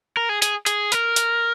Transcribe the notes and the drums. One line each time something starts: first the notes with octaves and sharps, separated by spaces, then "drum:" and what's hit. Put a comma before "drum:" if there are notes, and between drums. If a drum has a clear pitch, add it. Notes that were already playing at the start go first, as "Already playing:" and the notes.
A#4
G#4
G#4, drum: hi-hat
G#4, drum: hi-hat
A#4, drum: hi-hat
drum: hi-hat